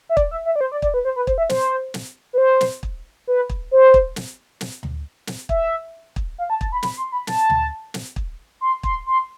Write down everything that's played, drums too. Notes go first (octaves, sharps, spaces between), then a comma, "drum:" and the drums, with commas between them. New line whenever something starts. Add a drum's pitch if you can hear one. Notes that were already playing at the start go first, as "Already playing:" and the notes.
E5
D5, drum: kick
E5
E5
D5
C5
D5
D5, drum: kick
B4
C5
B4
C5, drum: kick
E5
C5, drum: snare
drum: snare
B4
C5
drum: snare
drum: kick
B4
drum: kick
C5
drum: kick
drum: snare
drum: snare
drum: tom D2
drum: snare
E5, drum: kick
drum: kick
F5
A5
A5, drum: kick
B5
B5, drum: snare
C6
B5
A5, drum: snare
drum: tom D2
drum: snare
drum: kick
C6
C6, drum: kick
C6